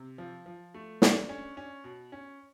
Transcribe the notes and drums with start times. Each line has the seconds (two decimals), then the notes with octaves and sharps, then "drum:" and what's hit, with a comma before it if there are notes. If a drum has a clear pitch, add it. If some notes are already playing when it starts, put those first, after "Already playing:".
Already playing: C3
0.18 F3
0.46 F3
0.74 A3
1.02 D4, drum: snare
1.29 C#4
1.57 C#4
1.84 B2
2.12 C#4